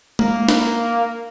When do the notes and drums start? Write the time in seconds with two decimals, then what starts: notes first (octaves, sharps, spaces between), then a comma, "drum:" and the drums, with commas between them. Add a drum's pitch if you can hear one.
0.19 A#3, drum: tom G#3
0.48 drum: snare